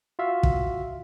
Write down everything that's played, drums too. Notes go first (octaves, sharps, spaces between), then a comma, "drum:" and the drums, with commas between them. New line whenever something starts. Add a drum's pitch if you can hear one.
F4 F#4 E5 F5
drum: kick